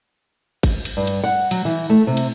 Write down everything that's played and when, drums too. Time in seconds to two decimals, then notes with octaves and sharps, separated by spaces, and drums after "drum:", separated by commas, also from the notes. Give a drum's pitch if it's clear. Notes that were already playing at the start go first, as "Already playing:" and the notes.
0.63 drum: kick G#1, cymbal
0.85 drum: cymbal
0.97 G2
1.07 drum: cymbal
1.24 F#5
1.51 F#3, drum: cymbal
1.65 E3
1.90 A3
2.07 C3
2.17 drum: cymbal